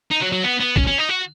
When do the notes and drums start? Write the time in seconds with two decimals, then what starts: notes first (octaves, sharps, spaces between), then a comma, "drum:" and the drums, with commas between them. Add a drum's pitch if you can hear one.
0.11 D#4
0.21 F#3
0.32 F#3
0.44 B3
0.60 B3
0.76 C#4, drum: kick
0.87 C#4
0.99 D#4
1.09 F#4